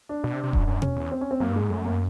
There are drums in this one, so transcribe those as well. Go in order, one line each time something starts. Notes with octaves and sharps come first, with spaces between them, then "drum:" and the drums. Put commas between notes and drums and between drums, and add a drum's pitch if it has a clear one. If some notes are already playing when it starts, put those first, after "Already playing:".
D4
B2
C3
C3
F#2, drum: kick D#1
F#2
C#4, drum: tom B2
E2
C4
C#4
C4
F#2 A#3
G2
G#2 G#3
F#2 A3
A#3